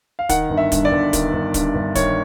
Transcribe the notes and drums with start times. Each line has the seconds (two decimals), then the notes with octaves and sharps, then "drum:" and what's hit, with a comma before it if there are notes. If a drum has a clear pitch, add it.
0.19 F5
0.29 D#3 F#5, drum: kick, hi-hat
0.50 G1
0.57 E5
0.72 G2, drum: kick, hi-hat
0.85 D5
0.91 G1
1.13 D#3, drum: kick, hi-hat
1.33 G1
1.54 G2, drum: kick, hi-hat
1.75 G1
1.95 D#3 C#5, drum: kick, hi-hat